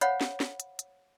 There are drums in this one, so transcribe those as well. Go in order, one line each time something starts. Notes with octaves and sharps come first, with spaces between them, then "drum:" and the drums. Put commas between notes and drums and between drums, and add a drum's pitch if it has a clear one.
C5 C#5 F5 F#5 B5, drum: hi-hat
drum: snare
drum: snare
drum: hi-hat
drum: hi-hat